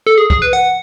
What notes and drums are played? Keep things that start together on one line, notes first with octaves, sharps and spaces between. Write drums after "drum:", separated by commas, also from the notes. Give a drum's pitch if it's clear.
A4
G#4
G#4, drum: kick
B4
F#5